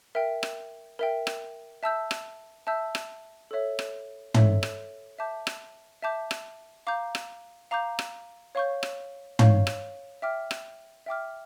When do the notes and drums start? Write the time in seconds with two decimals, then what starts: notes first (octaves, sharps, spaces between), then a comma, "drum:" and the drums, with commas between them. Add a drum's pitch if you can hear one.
0.15 A#4 E5 G5
0.43 drum: rim click
0.99 A#4 E5 G5
1.27 drum: rim click
1.83 E5 A5 E6 G6
2.11 drum: rim click
2.67 E5 A5 E6 G6
2.95 drum: rim click
3.51 A4 C#5 E5
3.79 drum: rim click
4.34 A4 C#5 E5, drum: tom
4.63 drum: rim click
5.19 E5 A5 D6 G6
5.47 drum: rim click
6.02 E5 A5 D6 G6
6.31 drum: rim click
6.87 F5 A#5 D6 G6
7.15 drum: rim click
7.71 F5 A#5 D6 G6
7.99 drum: rim click
8.55 C#5 F5 C#6 G6
8.83 drum: rim click
9.39 C#5 F5 C#6 G6, drum: tom
9.67 drum: rim click
10.22 E5 G5 D6 F6
10.51 drum: rim click
11.06 E5 G5 D6 F6